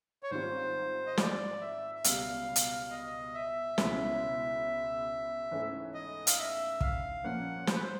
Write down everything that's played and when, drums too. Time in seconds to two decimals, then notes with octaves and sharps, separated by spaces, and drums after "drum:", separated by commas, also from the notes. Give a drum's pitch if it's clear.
0.23 C#5
0.31 G#2 D#3 G3 C4 F4 C5
1.07 D#5
1.17 D5, drum: snare
1.61 E5
1.95 E5
2.04 C#2 B2 G3 F5, drum: hi-hat
2.56 drum: hi-hat
2.91 D#5
3.34 E5
3.78 C#2 B2 G#3 C#4 E4, drum: snare
5.51 G#2 E3 A3 C#4
5.94 D#5
6.27 F5, drum: hi-hat
6.38 E5
6.81 F5, drum: kick
7.24 A#2 F3 A#3 C#4 F#5
7.67 C5, drum: snare
7.74 B4
7.82 C5